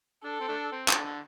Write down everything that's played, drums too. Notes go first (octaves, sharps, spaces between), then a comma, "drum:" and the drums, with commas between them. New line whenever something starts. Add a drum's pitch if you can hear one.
D4 A4
C4
A3 D4
C4
D3, drum: clap
D3